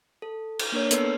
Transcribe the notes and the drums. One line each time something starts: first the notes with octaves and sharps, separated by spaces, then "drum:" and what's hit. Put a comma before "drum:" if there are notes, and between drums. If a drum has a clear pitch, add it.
A4
drum: cymbal
A#3 D4 A#4 C#5
B3 A4 B4 E6 C7, drum: hi-hat